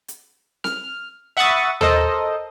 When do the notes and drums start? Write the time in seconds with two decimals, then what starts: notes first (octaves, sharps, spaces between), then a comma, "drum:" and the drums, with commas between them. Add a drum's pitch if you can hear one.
0.08 drum: hi-hat
0.64 F6, drum: snare C4
1.37 E5 F#5 B5 C#6 D#6 A6
1.81 A4 A#4 C5 D#5, drum: tom D#2